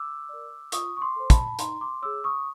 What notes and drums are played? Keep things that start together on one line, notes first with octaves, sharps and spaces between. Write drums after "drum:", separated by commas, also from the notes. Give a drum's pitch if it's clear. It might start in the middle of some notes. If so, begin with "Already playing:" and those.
Already playing: D6 E6
A#4 D5
F4 C#6 D#6, drum: hi-hat
C#6
C6 D6
A4 C5
A5 B5, drum: kick, hi-hat
D#4 A#5 C6, drum: hi-hat
C6 D6
G#4 C#5 D6 E6
C#6 D#6